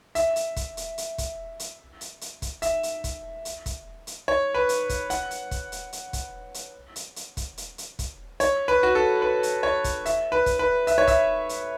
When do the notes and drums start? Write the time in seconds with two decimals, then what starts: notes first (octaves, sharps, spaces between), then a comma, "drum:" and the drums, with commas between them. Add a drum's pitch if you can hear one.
0.15 E5, drum: hi-hat
0.36 drum: hi-hat
0.56 drum: kick, hi-hat
0.77 drum: hi-hat
0.98 drum: hi-hat
1.18 drum: kick, hi-hat
1.60 drum: hi-hat
2.01 drum: hi-hat
2.21 drum: hi-hat
2.42 drum: kick, hi-hat
2.62 E5, drum: hi-hat
2.83 drum: hi-hat
3.04 drum: kick, hi-hat
3.45 drum: hi-hat
3.66 drum: kick, hi-hat
4.07 drum: hi-hat
4.28 C#5
4.54 B4
4.69 drum: hi-hat
4.89 drum: kick, hi-hat
5.10 F#5, drum: hi-hat
5.31 drum: hi-hat
5.51 drum: kick, hi-hat
5.72 drum: hi-hat
5.93 drum: hi-hat
6.13 drum: kick, hi-hat
6.54 drum: hi-hat
6.96 drum: hi-hat
7.16 drum: hi-hat
7.37 drum: kick, hi-hat
7.58 drum: hi-hat
7.78 drum: hi-hat
7.99 drum: kick, hi-hat
8.40 C#5, drum: hi-hat
8.68 B4
8.83 F#4
8.95 A4
9.22 B4
9.43 drum: hi-hat
9.63 C#5
9.84 drum: kick, hi-hat
10.06 E5, drum: hi-hat
10.32 B4
10.46 drum: kick, hi-hat
10.59 B4
10.87 E5, drum: hi-hat
10.98 C#5
11.07 E5, drum: kick, hi-hat
11.49 drum: hi-hat